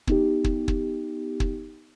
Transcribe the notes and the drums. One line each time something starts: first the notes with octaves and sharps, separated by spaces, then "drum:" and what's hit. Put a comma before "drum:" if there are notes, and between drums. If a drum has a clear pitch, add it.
B3 D#4 G4, drum: kick
drum: kick
drum: kick
drum: kick